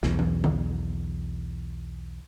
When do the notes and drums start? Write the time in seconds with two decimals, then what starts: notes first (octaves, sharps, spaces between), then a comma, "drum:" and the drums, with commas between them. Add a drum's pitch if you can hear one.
0.03 B1 E2, drum: snare
0.19 drum: tom E3
0.44 drum: tom D3